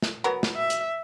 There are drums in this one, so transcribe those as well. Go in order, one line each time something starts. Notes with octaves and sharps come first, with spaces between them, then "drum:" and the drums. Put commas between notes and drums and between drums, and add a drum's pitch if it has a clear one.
drum: snare
F#3 B3 A#4
drum: snare
E5
drum: hi-hat